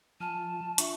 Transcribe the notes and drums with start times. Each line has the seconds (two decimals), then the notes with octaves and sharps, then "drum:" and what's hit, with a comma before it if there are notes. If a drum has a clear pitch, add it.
0.20 F3 G#5 A5 F6 D#7
0.78 D4 F4 E5 C#6, drum: hi-hat